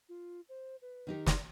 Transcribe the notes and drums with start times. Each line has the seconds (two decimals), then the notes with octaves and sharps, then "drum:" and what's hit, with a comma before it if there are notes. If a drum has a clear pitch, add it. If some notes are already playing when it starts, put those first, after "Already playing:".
0.09 F4
0.49 C5
0.82 B4
1.07 D#3 D#4 G4
1.26 D5, drum: snare